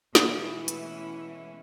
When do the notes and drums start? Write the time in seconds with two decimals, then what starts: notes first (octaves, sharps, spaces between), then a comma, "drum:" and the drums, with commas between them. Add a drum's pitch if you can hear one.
0.15 B2 E3 G#3 A3 C#4 E4, drum: snare
0.68 drum: hi-hat